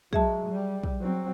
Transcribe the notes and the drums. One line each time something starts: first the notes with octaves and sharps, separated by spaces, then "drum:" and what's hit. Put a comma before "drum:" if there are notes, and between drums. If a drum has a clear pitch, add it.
F#3 G#3 G#4 E5 A5, drum: kick
G3
drum: kick
F#3 C4